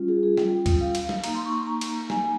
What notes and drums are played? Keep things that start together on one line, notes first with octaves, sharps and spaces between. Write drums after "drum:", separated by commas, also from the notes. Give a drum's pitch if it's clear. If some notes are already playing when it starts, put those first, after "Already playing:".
Already playing: G3 C#4 F4
G#4
G#4
G5, drum: snare
drum: kick D2, cymbal
F5
drum: cymbal
drum: snare
A#3 D#4 A#5, drum: cymbal
C6
C#6
C#6
A#5
drum: cymbal
G#5, drum: snare